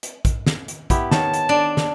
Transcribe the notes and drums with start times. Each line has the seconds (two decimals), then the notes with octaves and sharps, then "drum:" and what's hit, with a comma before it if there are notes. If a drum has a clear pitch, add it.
0.03 drum: hi-hat
0.25 drum: kick, hi-hat
0.47 drum: snare
0.68 drum: hi-hat
0.90 B3 E4 G4, drum: kick, hi-hat
1.11 D#3 C#5 A5, drum: snare
1.34 drum: hi-hat
1.49 D4 D5
1.77 drum: snare